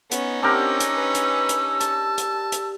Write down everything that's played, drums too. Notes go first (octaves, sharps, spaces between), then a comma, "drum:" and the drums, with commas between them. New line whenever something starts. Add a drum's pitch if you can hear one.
B3 C#4 D#4, drum: hi-hat
C4 D4 G4 A#4 E6
drum: hi-hat
B4
drum: hi-hat
drum: hi-hat
A5, drum: hi-hat
drum: hi-hat
drum: hi-hat